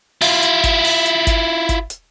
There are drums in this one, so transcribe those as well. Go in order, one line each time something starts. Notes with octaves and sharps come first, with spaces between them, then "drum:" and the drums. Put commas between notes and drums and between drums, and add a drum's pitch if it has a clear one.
E4 F4, drum: open hi-hat
drum: hi-hat
drum: kick G#1, hi-hat
drum: open hi-hat
drum: hi-hat
drum: kick G#1, hi-hat
drum: kick G#1, hi-hat
drum: hi-hat